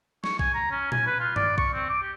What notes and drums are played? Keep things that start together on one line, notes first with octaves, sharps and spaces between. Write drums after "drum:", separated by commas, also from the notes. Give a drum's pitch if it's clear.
C#6, drum: snare
G#5, drum: kick A#1
A#5
C#4
G#5, drum: tom A#2
B4
F4
D5, drum: tom G2
C#6, drum: kick A#1
C4
D6
G4